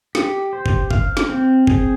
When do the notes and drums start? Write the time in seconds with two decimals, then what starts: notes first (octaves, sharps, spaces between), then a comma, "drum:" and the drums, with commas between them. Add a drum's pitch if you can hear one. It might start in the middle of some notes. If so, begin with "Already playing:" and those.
0.15 G4, drum: snare
0.53 C5
0.66 drum: kick
0.91 F5, drum: kick
1.17 drum: snare
1.29 C4
1.67 G#4, drum: kick